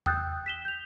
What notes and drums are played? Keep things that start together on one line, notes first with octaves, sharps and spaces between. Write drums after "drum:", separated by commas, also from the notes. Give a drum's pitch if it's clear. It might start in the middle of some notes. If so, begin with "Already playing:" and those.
G5 D#6 E6 F#6 G6 A6, drum: tom E2
B6 E7 G7
G6 F7